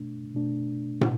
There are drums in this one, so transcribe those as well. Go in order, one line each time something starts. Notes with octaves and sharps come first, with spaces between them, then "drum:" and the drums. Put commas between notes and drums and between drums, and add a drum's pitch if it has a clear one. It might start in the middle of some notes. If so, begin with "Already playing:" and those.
Already playing: B2 A3 D4
B2 A3 D4
B2, drum: tom